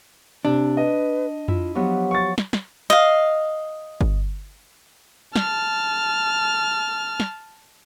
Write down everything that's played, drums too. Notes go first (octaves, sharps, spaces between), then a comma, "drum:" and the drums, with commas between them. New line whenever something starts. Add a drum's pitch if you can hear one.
C3 D4
B4 D#5
E4 F4, drum: tom F2
F3 F#3 B3 G4
C#6 A6
drum: snare
drum: snare
D#5 F5
drum: kick G1
A5 F6, drum: snare
drum: snare